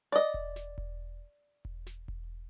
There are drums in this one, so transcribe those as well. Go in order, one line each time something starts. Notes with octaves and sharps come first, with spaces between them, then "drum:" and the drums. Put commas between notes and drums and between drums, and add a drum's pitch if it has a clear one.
D5 D#5
drum: kick E1
drum: snare
drum: kick E1
drum: kick E1
drum: snare
drum: kick E1